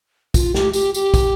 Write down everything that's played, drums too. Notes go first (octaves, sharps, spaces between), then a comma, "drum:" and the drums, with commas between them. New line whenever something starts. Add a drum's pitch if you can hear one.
F4, drum: kick, tambourine
G4, drum: snare
G4, drum: tambourine
G4, drum: tambourine
drum: kick, tambourine